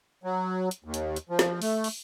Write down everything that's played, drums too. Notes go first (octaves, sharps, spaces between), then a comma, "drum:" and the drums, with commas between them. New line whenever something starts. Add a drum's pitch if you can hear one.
F#3
drum: hi-hat
D#2
drum: hi-hat
drum: hi-hat
F3
drum: snare
A3, drum: open hi-hat
drum: open hi-hat